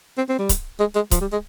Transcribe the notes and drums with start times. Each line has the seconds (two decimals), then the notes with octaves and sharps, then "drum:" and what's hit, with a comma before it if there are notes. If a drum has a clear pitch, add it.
0.18 C4
0.29 C4
0.39 G3
0.49 drum: kick C#1, hi-hat
0.80 G#3
0.95 G#3
1.11 F3, drum: kick C#1, hi-hat
1.21 G3
1.32 G#3